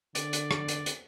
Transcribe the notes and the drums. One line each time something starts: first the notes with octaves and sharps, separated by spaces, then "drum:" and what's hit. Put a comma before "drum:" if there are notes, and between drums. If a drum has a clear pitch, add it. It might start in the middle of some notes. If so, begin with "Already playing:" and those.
D3 D5, drum: hi-hat
drum: hi-hat
drum: rim click
drum: hi-hat
drum: hi-hat